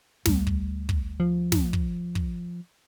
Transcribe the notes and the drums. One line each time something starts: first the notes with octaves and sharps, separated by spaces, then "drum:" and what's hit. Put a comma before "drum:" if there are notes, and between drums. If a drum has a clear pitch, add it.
D2 G3, drum: snare
drum: kick
drum: kick
F3
drum: snare
drum: kick
drum: kick